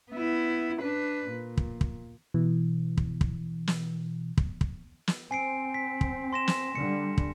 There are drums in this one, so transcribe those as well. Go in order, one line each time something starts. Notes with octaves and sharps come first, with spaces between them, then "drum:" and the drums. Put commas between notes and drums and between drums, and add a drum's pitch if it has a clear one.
B3 E4
D4 B4
A#2
drum: kick
drum: kick
B2 E3
drum: kick
drum: kick
drum: snare
drum: kick
drum: kick
drum: snare
C4 G#5 C7 D7
B6
drum: kick
C6 A#6 E7
drum: snare
D3 G3 C#7
drum: kick